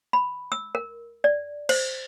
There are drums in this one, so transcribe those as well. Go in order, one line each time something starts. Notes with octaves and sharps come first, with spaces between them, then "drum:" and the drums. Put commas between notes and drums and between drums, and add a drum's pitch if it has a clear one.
B5
E6
A#4
D5
C5, drum: cymbal